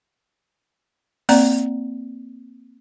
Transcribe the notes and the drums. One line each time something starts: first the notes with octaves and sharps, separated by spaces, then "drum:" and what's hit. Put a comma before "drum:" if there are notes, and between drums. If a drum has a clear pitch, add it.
A#3 C4 D5 A#5, drum: open hi-hat